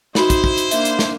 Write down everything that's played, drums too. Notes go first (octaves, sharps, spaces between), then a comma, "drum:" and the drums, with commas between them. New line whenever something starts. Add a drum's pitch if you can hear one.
D#4 E4 F#4 C5 B5 F#7, drum: snare
drum: kick, hi-hat
drum: kick
drum: hi-hat
A#3 D4 E5 G6, drum: hi-hat
drum: hi-hat
drum: snare